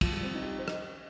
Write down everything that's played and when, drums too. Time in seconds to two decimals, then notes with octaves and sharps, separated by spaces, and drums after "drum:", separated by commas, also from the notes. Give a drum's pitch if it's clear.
0.01 F3, drum: kick, cymbal
0.12 G3
0.23 C4
0.35 D#4
0.42 G4
0.59 C5
0.68 D#5, drum: rim click